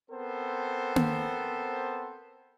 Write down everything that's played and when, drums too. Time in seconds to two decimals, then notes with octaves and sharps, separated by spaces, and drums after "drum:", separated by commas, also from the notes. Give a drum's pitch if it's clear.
0.11 B3 C4 A4 A#4 C5
0.96 drum: tom A#3